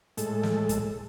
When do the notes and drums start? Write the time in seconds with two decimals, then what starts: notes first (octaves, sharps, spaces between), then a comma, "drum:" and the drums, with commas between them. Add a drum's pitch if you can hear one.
0.17 A2 G#3 A4, drum: hi-hat
0.43 drum: snare
0.69 drum: kick, hi-hat